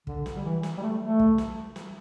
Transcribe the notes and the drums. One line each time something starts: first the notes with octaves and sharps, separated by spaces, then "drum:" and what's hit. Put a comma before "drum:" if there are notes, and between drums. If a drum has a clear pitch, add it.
D3, drum: kick
drum: snare
G3
E3
drum: snare
G3
A3
A3
drum: kick
drum: snare
drum: snare